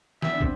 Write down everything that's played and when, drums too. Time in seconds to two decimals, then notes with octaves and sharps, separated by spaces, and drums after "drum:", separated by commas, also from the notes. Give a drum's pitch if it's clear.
0.22 B3 E5, drum: snare
0.32 D4
0.41 C4, drum: kick